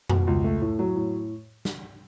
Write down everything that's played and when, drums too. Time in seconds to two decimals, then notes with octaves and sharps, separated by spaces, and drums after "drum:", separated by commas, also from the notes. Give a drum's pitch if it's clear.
0.09 B2, drum: tom F2
0.27 C#2
0.44 A3
0.61 A2
0.79 F#3
0.96 A2
1.65 drum: snare